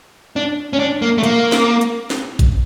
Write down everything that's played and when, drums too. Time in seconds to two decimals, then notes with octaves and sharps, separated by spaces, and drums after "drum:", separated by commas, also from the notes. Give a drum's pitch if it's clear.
0.36 D4
0.73 C#4
0.79 D4
1.02 A#3
1.18 A3
1.23 A#3, drum: hi-hat
1.52 drum: snare C4
1.81 drum: hi-hat
2.10 drum: snare C4
2.39 drum: kick A1, hi-hat